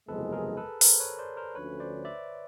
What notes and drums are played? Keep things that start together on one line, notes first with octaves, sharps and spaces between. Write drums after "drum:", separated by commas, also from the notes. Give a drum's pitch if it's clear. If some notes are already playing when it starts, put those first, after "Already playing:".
F#1 E2 C3 F3 G#3 A4 B4
G#4 A#4
A4 B4
A#4 C5, drum: open hi-hat
B4 C#5
C5 D5
A#4 C5
D2 D3 F3 A3 C#4 B4 C#5
C5 D5
D5 E5